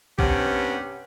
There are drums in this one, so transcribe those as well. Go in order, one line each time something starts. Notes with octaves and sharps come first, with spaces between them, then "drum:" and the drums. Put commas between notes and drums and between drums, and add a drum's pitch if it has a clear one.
G2 C3 B3 C#4 G4 F#5, drum: kick A#1